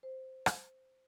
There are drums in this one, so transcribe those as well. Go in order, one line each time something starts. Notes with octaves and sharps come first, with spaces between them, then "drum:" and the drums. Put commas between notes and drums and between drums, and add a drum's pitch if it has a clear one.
C5
drum: rim click